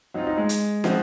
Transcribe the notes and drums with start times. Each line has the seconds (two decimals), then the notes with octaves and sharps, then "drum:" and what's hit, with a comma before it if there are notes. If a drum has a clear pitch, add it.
0.14 F#3 C4 D#4 F4
0.27 D#4
0.38 G#3
0.49 drum: hi-hat
0.84 F3 C4 D#4 F#4, drum: snare